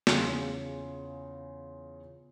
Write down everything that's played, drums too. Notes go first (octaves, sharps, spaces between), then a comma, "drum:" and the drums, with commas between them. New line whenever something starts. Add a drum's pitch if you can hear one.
E2 C#3 F4 G#5 C6 C#7, drum: snare